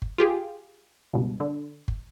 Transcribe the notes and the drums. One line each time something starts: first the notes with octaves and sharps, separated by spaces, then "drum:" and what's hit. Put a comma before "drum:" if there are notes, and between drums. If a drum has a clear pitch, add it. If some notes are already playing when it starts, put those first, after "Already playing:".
drum: kick G1
F4 G4 G#4
C#2 G2 B2
D3
drum: kick G1